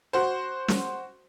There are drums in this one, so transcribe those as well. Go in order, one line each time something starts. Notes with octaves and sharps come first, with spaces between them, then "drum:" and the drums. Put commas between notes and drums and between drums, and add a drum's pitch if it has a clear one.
F#4 C5
drum: snare